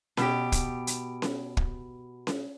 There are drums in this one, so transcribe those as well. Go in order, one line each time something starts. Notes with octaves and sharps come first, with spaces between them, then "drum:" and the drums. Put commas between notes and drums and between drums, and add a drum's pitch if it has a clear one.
B2 G4, drum: snare C#4
drum: kick, hi-hat
drum: hi-hat
drum: snare C#4
drum: kick
drum: snare C#4